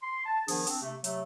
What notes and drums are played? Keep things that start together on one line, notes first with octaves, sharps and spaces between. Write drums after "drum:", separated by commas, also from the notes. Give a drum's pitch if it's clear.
C6
A5
D#3 F3 B3 D4 G#4, drum: open hi-hat
C4 D4, drum: hi-hat
C3 A3
C3 F#3 A3, drum: hi-hat